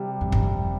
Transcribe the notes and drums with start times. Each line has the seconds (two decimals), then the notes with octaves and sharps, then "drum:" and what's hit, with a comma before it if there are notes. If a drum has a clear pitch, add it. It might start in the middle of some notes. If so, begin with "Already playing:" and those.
Already playing: C3 G3
0.21 F2
0.32 G2, drum: kick
0.43 F2